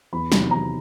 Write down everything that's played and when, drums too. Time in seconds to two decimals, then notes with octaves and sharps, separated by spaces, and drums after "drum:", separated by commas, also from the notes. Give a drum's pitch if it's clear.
0.13 E2 B5
0.32 C3 D#3 F#3, drum: snare
0.51 E2 A#5